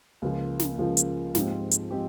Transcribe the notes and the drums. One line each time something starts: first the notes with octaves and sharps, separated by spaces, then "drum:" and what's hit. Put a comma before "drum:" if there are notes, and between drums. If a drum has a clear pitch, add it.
C#2 C#3 F3 A#3 F4
drum: snare
C#2 C#3 F3 A#3 F4
drum: hi-hat
G#2 F3 G#3 C4 G4, drum: snare
drum: hi-hat
F3 G#3 C4 G4